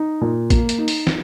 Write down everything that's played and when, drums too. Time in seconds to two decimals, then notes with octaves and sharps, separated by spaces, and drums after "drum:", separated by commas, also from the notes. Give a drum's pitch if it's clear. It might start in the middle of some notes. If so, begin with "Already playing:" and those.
Already playing: D#4
0.21 A#2
0.50 A#3, drum: kick, hi-hat
0.69 drum: hi-hat
0.78 D#4
0.88 drum: open hi-hat
1.07 drum: snare